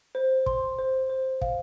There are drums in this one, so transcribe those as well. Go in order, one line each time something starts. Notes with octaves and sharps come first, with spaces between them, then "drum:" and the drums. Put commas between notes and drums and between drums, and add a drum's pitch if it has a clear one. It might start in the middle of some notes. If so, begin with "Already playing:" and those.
C5
C6, drum: kick
C5
C5
F5, drum: kick